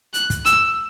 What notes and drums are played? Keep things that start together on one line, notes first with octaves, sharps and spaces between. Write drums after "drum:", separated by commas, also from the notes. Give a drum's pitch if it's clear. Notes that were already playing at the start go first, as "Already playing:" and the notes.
F#6, drum: hi-hat
drum: kick, hi-hat
E6, drum: hi-hat